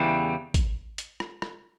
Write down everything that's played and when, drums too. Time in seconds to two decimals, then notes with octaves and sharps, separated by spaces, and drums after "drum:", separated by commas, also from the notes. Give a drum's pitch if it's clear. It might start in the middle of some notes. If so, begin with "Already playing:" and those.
Already playing: E2 C#3 E3 G3
0.54 drum: kick, hi-hat
0.98 drum: hi-hat
1.20 drum: rim click
1.42 drum: rim click